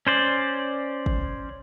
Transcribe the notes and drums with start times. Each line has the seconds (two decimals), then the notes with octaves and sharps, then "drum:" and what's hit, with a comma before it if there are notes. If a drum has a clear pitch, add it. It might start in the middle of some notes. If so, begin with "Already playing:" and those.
0.07 C#4 C5 D5
1.06 drum: kick